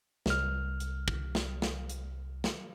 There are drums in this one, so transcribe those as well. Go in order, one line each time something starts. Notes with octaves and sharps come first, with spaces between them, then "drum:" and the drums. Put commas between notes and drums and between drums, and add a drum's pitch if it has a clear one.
C2 F6, drum: snare
drum: hi-hat
drum: kick
drum: snare
drum: snare
drum: hi-hat
drum: snare